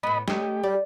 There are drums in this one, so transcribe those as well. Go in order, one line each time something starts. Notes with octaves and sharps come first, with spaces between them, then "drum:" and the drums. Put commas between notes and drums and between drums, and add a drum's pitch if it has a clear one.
A2 B3 D#5 B5
A3 C#4 G4 D#5, drum: snare
G3 D5